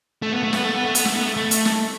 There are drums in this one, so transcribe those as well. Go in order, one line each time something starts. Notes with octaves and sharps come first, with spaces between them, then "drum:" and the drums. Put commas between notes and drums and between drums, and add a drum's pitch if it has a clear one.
A3
B3
A3
B3, drum: snare
A3
B3
A3
B3, drum: hi-hat
A3, drum: snare
B3
A3
A3
drum: hi-hat
drum: snare